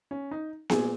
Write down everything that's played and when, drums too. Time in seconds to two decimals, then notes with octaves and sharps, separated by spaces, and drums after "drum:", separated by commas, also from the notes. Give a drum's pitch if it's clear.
0.11 C#4
0.31 D#4
0.70 A#2 G#3 G#4, drum: snare B3